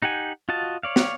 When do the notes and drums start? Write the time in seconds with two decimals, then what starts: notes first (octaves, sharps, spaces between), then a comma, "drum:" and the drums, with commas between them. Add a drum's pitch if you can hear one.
0.02 D#4 G4 F#5 G#5
0.49 F4 F#4 D#5 A5
0.83 C#5 D5 F5
0.96 drum: snare